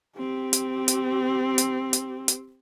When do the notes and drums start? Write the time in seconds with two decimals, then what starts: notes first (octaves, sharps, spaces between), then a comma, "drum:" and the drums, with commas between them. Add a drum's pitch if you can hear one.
0.18 C4 G4
0.53 drum: hi-hat
0.88 drum: hi-hat
1.58 drum: hi-hat
1.93 drum: hi-hat
2.28 drum: hi-hat